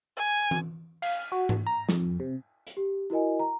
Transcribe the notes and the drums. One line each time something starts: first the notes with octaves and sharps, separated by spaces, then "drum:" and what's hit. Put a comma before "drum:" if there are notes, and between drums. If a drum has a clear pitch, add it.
G#5
drum: tom E3
F5, drum: cymbal
F#4
drum: tom G#2
A#5
F2, drum: snare
C3
drum: hi-hat
G4
E4 F#4 A#4 D#5 G#5
A#5